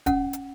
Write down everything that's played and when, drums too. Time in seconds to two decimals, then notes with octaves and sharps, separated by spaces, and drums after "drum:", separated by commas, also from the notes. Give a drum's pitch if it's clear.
0.06 C#4 F#5, drum: kick D#1, hi-hat
0.33 drum: hi-hat